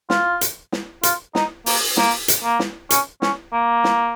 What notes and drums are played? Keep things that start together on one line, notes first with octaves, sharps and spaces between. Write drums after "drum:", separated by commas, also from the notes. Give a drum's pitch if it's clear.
F4, drum: snare
drum: hi-hat
drum: snare
F4, drum: hi-hat
D#4, drum: snare
A#3, drum: open hi-hat
A#3, drum: snare
drum: hi-hat
A#3
drum: snare
C#4, drum: hi-hat
C#4, drum: snare
A#3
drum: snare